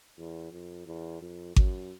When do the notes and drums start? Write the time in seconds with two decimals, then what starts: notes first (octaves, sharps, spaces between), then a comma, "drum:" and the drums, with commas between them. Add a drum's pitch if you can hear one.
0.18 E2
0.52 F2
0.87 E2
1.21 F2
1.56 F#2, drum: kick G#1